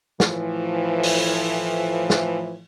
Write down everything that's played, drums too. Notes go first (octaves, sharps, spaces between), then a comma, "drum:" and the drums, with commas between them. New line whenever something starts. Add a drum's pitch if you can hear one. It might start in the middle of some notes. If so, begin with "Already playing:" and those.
A2 E3 F3, drum: snare
drum: open hi-hat
drum: snare